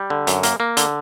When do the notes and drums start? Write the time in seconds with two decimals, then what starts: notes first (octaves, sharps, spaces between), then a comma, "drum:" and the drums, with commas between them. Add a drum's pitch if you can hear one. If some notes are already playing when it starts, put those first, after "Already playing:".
Already playing: G3
0.10 D3
0.27 F#2, drum: hi-hat
0.43 A#3, drum: hi-hat
0.60 A#3
0.77 D3, drum: hi-hat